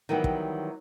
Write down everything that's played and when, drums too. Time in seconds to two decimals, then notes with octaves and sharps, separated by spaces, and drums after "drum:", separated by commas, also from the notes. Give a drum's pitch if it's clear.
0.09 D#3 E3 F#3 G3 B3
0.24 drum: kick